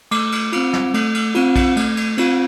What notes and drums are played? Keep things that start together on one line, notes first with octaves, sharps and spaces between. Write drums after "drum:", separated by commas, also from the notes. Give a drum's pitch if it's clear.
A3 D6, drum: cymbal
drum: cymbal
C4 F4, drum: cymbal
drum: snare
A3, drum: cymbal
drum: cymbal
C4 F4, drum: cymbal
drum: kick A#1, cymbal
A3, drum: cymbal
drum: cymbal
C4 F4, drum: cymbal